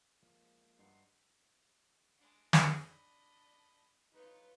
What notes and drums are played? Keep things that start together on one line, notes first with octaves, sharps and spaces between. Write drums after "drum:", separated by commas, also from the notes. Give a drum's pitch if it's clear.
F3 G#3 A#3
G2 D#4 F#5 C6
G#3 D4
drum: snare
D4 D#5 B5
D#4 F4 B4 C#5